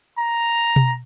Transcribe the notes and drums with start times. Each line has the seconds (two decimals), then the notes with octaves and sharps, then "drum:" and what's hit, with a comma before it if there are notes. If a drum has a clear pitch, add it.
0.18 A#5
0.76 drum: tom B2